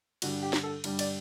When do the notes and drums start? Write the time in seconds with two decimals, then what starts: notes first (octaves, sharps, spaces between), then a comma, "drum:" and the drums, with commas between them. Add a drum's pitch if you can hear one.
0.22 G2 D3 G3 F#4, drum: cymbal
0.42 G4
0.53 drum: snare
0.63 A4
0.84 G2 D3 G3, drum: cymbal
0.99 D5, drum: cymbal